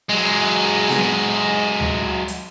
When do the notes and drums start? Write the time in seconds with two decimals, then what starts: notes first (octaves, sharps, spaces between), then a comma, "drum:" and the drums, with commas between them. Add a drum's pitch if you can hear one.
0.09 F#3 G#3
0.89 drum: snare B3
1.80 drum: tom D2
2.28 drum: hi-hat